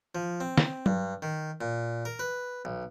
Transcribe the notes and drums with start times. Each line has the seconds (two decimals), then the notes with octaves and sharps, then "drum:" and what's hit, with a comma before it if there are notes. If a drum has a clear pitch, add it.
0.15 F3
0.40 C4
0.58 drum: snare
0.86 G2, drum: tom F#3
1.22 D#3
1.61 A#2
2.05 A#4
2.19 B4
2.65 B1